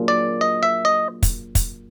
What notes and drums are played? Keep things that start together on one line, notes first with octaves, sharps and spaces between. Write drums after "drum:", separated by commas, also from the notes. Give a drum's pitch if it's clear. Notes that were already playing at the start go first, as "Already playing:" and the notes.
Already playing: F#3 A#3 D4 F4 G#4
D5
D#5
E5
D#5
drum: kick, hi-hat
drum: kick, hi-hat